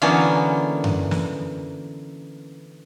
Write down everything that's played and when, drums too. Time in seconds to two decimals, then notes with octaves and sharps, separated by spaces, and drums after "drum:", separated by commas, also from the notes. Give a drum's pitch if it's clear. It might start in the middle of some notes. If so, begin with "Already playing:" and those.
0.02 D3 E3 F#3 A#3 B3 C#4
0.84 drum: tom F#2
1.11 drum: snare